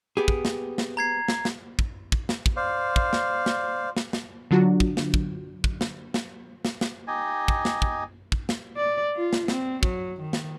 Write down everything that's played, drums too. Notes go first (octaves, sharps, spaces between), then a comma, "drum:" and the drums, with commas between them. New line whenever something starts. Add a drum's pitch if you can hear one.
B3 G4 G#4
drum: kick
drum: snare
drum: snare
A#5 G#6 C7
drum: snare
drum: snare
drum: kick
drum: kick
drum: snare
drum: kick
C5 D5 F5
drum: kick
drum: snare
drum: snare
drum: snare
drum: snare
D3 F#3 D4 F4 F#4
drum: kick
drum: snare
drum: kick
drum: kick
drum: snare
drum: snare
drum: snare
drum: snare
D#4 G4 D#5 G#5
drum: kick
drum: snare
drum: kick
drum: kick
drum: snare
D5
F4
drum: snare
C4, drum: snare
F#3, drum: kick
D#3
drum: snare